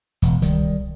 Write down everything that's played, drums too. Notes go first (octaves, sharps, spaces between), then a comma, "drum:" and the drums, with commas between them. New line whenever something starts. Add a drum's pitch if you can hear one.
E1, drum: hi-hat
D#3 G3, drum: kick C2, hi-hat